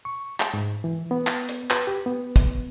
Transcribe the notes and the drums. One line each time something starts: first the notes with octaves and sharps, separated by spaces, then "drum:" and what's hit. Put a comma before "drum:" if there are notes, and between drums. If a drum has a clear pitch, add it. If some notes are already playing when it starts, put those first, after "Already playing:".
C#6
drum: clap
G#2
E3
B3
drum: clap
drum: hi-hat
B4, drum: clap
G4
B3
drum: kick, hi-hat